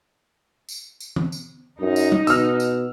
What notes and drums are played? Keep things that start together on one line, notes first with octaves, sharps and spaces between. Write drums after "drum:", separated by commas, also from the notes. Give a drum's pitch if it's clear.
drum: tambourine
drum: tambourine
drum: tom E3
drum: tambourine
F#2 D#4
drum: tambourine
drum: tom F#3
B2 E6 F6, drum: tambourine
drum: tambourine